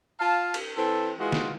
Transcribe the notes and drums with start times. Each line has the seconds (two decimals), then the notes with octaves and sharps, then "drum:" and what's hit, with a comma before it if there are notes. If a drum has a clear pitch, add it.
0.19 F4 F5 A5
0.54 drum: cymbal
0.76 E3 C4 A4
1.19 E3 G#3 F4 F#4 G#4
1.32 drum: snare